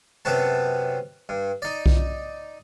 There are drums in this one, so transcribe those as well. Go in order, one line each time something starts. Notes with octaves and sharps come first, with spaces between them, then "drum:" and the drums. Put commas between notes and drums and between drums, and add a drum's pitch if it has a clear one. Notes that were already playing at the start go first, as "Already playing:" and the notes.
F#2 C3 B3 C4 B4 A5
G2
D#4 D5
drum: kick B1